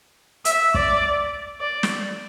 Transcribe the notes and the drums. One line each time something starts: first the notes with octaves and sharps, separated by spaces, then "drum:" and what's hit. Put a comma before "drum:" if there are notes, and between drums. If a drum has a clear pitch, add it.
E5, drum: hi-hat
D5, drum: kick
D5
drum: snare